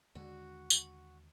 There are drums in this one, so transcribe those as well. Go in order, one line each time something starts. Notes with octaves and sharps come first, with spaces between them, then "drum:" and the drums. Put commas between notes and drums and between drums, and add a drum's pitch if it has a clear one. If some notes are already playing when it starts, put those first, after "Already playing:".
D#2 D3 G#3 F#4
drum: tambourine